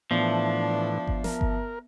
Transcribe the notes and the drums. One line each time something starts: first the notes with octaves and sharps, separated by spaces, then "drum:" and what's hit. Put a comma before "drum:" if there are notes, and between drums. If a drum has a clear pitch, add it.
A2 E3 F3 B3 D4 E5 A5
drum: kick G1
A#4, drum: snare
drum: kick G1